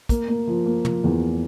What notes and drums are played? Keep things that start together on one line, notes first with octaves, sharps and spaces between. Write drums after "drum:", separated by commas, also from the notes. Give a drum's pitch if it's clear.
A#3, drum: kick, hi-hat
A#3
F3
A#3
F3, drum: tom
E2